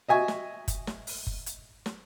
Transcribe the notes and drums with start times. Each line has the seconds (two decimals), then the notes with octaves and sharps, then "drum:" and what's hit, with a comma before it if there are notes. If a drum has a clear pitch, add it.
0.09 D#5 E5 G#5 C#6
0.28 drum: snare
0.68 drum: kick F#1, hi-hat
0.87 drum: snare
1.07 drum: open hi-hat
1.27 drum: kick F#1
1.46 drum: hi-hat
1.86 drum: snare